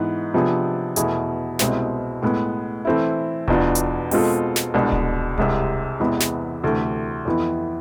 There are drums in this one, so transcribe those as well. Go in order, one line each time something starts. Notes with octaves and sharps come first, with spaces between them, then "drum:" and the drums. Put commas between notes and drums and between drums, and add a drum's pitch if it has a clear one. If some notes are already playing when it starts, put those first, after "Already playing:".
Already playing: G#2 E3 B3
C3 F3 B3 D4 G#4
E2 B2 A3 E4 G#4, drum: hi-hat
C2 B2 G#3 C4 E4, drum: snare
A2 G#3 B3
E3 A3 C4 E4
E2 B2 B3 D4 F4, drum: kick D1
drum: hi-hat
B2 G#3 C4 F4 A4, drum: open hi-hat
drum: snare
C2 B2 G#3 D4
drum: kick D1
C2 C3 G#3, drum: kick D1
E2 C3 E3 G#3 B3
drum: snare
D2 C3 E3 A3
F2 E3 B3 E4